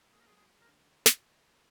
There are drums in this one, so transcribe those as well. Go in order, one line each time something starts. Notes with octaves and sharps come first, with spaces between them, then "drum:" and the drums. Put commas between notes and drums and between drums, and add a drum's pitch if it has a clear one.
A#3 G#4
A#4
G#3 G#4
F#3
G#4
A#4
D3
drum: snare